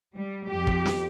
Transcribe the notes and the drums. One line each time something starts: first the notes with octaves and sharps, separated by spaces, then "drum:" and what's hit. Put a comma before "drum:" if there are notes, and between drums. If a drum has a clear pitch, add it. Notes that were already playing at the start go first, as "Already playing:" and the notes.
G3
F2 G4
drum: kick
drum: snare